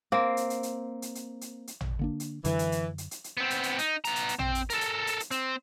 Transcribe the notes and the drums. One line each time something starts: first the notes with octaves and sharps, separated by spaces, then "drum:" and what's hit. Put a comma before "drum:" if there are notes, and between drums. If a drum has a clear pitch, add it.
A#3 C4
drum: hi-hat
drum: hi-hat
drum: hi-hat
drum: hi-hat
drum: hi-hat
drum: hi-hat
drum: hi-hat
drum: tom
D3 A#3 D4
drum: hi-hat
F#2 D3 E3 F#3, drum: hi-hat
drum: hi-hat
drum: hi-hat
drum: hi-hat
drum: hi-hat
drum: hi-hat
B3 C4
drum: hi-hat
drum: hi-hat
D#4, drum: hi-hat
B3 A#5, drum: hi-hat
drum: hi-hat
drum: hi-hat
C4, drum: tom
drum: hi-hat
A4 A#4, drum: hi-hat
drum: hi-hat
drum: hi-hat
drum: hi-hat
C4, drum: hi-hat